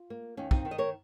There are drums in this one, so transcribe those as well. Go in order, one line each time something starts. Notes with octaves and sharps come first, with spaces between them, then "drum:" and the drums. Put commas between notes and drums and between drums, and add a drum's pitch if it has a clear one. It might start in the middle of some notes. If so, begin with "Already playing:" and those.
Already playing: F4
A#3
D#2 C#4
C4 D#4, drum: kick
D#3
D#5
A#4 C#5